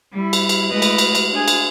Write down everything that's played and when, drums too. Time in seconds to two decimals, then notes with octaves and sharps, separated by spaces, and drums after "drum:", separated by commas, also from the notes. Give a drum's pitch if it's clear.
0.12 G3 E4
0.33 drum: cymbal
0.49 drum: cymbal
0.72 G#3 A3 E4 B4 D#5
0.82 drum: cymbal
0.98 drum: cymbal
1.15 drum: cymbal
1.31 D4 G#4
1.48 drum: cymbal